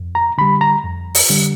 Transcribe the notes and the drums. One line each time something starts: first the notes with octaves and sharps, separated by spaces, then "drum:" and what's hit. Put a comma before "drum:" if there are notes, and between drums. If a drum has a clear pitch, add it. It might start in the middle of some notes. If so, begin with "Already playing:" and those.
Already playing: F2
A#5
D3 G3 B5
A#5
F2
drum: open hi-hat
D3 G3